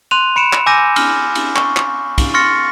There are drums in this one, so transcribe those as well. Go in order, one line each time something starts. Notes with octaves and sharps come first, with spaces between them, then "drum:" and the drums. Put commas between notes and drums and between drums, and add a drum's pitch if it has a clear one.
C6 F#6 D#7 F7
B5 C#7 D7 E7
drum: clap
G#5 D6 E6 G6 A#6 D#7
F6, drum: cymbal
drum: cymbal
C#6, drum: clap
drum: clap
drum: kick, cymbal
C6 C#6 F6 A6 A#6 C#7